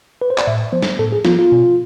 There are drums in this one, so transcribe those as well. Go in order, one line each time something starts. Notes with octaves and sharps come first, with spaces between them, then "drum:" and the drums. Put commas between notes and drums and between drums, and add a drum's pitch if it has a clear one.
B4
C5
D5, drum: clap
A2 E5
F3 B3 C5
drum: snare
A2 A4
G#4
F3 B3 F4, drum: snare
F4
B2